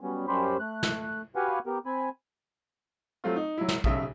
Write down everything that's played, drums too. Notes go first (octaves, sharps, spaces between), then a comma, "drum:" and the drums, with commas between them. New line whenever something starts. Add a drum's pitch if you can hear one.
F#3 G3 B3 C#4
F#2 G3 C#4 G4 C5 B5
A3 F#6
drum: snare
F#4 G4 B4 F5 F#5 G#5
B3 G4 A#4
C4 G#5 B5
F#3 A3 C4 F4
D#4
F#3 E4
drum: snare
D#1 B1 C#3 E5 D#6, drum: kick